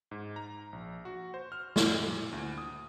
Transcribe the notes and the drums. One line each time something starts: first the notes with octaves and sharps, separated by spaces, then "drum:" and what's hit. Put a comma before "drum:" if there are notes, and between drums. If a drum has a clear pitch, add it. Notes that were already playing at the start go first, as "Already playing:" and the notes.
G#2
A#5
A#1
F#4
C5
F6
A2, drum: snare
A#2
D2
D#6